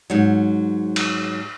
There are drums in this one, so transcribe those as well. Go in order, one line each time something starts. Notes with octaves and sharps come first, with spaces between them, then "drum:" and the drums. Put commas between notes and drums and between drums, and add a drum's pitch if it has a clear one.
G#2 F#3
drum: cymbal